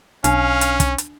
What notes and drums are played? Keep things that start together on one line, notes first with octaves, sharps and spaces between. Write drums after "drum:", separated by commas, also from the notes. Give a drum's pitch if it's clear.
B1 C#4 D4 F5, drum: hi-hat
drum: hi-hat
drum: kick, hi-hat
drum: hi-hat